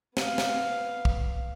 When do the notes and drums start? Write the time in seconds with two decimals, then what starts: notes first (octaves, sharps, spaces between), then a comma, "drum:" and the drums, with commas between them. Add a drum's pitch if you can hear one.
0.17 B3 F5, drum: snare
0.38 drum: snare
1.05 drum: kick